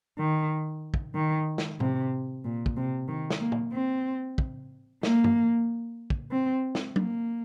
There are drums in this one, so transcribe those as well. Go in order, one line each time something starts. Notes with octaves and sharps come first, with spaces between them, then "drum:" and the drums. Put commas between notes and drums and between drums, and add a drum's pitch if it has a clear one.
D#3
drum: kick
D#3
drum: snare
C3, drum: tom A2
A#2
drum: kick
C3
D#3
drum: snare
A#3
drum: tom
C4
drum: kick
A#3, drum: snare
drum: tom G2
drum: kick
C4
drum: snare
A#3, drum: tom F#3